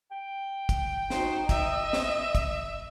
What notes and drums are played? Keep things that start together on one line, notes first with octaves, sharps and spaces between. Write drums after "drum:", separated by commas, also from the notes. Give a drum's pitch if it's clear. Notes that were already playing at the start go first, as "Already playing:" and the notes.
G5
drum: kick, hi-hat
D#4 F#4 C5, drum: snare
D#5 E5, drum: kick, hi-hat
drum: snare
drum: kick, hi-hat